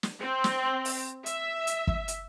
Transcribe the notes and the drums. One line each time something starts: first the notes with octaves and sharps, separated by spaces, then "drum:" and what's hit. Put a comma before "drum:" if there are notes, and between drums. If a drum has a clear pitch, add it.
drum: snare
C4
drum: snare
drum: open hi-hat
E5, drum: hi-hat
drum: hi-hat
drum: kick
drum: hi-hat